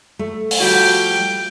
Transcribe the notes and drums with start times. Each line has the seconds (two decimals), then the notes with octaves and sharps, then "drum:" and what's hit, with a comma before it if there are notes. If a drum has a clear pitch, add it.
0.19 A3
0.51 drum: open hi-hat
0.60 F3 G3 F#4 G5